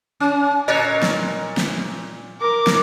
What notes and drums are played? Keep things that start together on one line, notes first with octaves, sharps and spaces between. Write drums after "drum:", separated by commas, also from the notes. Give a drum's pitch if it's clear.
C#4
A#2 A#4 C#5 D#5 F#6
drum: snare
drum: snare
A#4 D6
drum: snare